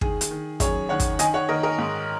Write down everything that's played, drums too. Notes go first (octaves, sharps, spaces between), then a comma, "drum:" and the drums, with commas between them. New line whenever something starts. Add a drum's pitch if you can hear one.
D#3 G#4, drum: kick
drum: hi-hat
D#3
F#2 G#4 C#5, drum: kick, hi-hat
D#3 C#5 F#5
drum: kick, hi-hat
D#3 D#5 G#5, drum: hi-hat
C#5 F#5
D#3 A#4 D#5
A#4 D#5
G#2